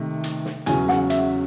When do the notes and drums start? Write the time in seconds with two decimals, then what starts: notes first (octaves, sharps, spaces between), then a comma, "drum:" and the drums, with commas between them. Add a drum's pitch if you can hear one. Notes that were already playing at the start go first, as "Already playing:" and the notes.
Already playing: C3 D#3 A3
0.24 drum: hi-hat
0.45 drum: snare
0.66 E2 C#3 F#3 C#4 G#5, drum: hi-hat
0.89 F#5, drum: snare
1.10 E5, drum: hi-hat